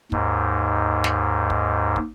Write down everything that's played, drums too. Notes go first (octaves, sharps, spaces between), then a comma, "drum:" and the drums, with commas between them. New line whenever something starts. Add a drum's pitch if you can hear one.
D#2 G#2, drum: kick
drum: snare
drum: kick
drum: kick